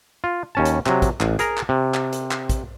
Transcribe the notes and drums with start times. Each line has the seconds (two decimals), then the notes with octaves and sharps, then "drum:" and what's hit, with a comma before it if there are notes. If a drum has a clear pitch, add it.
0.24 F4
0.55 D#2 C#4 A5
0.65 drum: hi-hat
0.86 C3 F#3, drum: clap
1.02 drum: kick, hi-hat
1.21 A1, drum: clap
1.39 G#4 A#4 A#5, drum: hi-hat
1.57 drum: clap
1.69 C3
1.94 drum: clap
2.13 drum: hi-hat
2.31 drum: clap
2.49 drum: kick, hi-hat